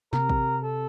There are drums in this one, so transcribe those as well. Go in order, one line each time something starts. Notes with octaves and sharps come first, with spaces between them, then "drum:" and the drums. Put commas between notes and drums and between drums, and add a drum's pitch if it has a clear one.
C3 A#4, drum: snare
drum: kick
A4